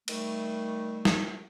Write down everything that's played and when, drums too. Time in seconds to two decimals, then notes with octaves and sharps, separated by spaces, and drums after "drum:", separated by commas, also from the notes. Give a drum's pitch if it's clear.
0.08 D#3 G3 A3, drum: cymbal
1.05 drum: snare